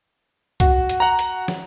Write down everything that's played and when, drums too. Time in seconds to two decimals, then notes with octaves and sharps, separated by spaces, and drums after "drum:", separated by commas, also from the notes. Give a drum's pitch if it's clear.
0.60 F#4, drum: kick C2, hi-hat
0.89 drum: hi-hat
1.00 F#5 A#5
1.19 drum: hi-hat
1.48 drum: snare